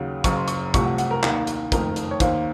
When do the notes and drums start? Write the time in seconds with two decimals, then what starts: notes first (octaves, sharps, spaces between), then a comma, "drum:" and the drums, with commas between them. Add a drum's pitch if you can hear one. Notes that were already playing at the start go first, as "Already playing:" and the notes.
Already playing: D#2 C#3 F#3
0.24 F#1 F#2 C#3 C#6, drum: kick, hi-hat
0.37 C6
0.48 C#6, drum: hi-hat
0.74 C2 C3 F3 A3 C#6, drum: kick, hi-hat
0.86 F#5
0.98 F#5, drum: hi-hat
1.11 A#4
1.23 D#2 D#3 A#3, drum: clap
1.47 drum: hi-hat
1.72 F#1 F2 D#3 A3 A#4, drum: kick, hi-hat
1.96 drum: hi-hat
2.11 C#5
2.20 D#2 D#3 A#3 C5, drum: kick, hi-hat